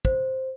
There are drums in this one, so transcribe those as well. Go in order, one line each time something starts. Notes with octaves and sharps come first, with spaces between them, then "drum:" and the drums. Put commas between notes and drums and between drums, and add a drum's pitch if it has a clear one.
C5, drum: kick